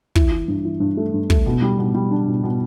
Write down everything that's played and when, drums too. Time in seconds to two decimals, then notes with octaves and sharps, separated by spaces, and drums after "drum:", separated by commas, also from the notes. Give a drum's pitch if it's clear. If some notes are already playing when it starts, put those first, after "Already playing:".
0.15 E3, drum: kick
0.31 E3
0.48 G2
0.65 E3
0.80 G2
0.97 A3
1.14 G2
1.30 A3, drum: kick
1.46 B2
1.62 G3
1.78 B2
1.94 G3
2.11 D4
2.27 B2
2.44 B2